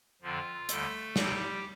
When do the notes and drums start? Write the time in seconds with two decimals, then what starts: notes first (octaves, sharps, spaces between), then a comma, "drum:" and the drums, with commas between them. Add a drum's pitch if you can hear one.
0.22 F2 D3 F3 F4
0.69 D#2 D3 G3 A3 A4, drum: hi-hat
1.16 D2 C3 F3 G3 G4, drum: snare